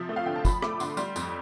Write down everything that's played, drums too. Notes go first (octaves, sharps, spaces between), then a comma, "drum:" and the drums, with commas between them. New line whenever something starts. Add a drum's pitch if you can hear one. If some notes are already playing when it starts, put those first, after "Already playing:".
Already playing: C3 F3 E5
A3
F5
D3 G5
A5
F3 B5, drum: kick, tambourine
A3 D6, drum: rim click
D3 C6, drum: tambourine
G3 C6, drum: tambourine
F2, drum: tambourine